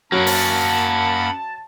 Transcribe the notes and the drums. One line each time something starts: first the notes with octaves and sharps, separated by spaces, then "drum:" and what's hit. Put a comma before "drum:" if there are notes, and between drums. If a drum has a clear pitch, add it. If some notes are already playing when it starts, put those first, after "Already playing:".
F#2 F#3 A#3 C#4 F#5 A5 B5
drum: open hi-hat